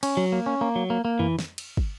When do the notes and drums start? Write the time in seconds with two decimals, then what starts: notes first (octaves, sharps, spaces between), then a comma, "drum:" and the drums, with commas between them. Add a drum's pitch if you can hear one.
0.03 C#4, drum: cymbal
0.17 F#3
0.32 A#3
0.46 C#4
0.61 A#3
0.76 F#3
0.90 A#3
1.05 A#3
1.19 E3, drum: tom F2
1.39 drum: snare
1.58 drum: cymbal
1.77 drum: kick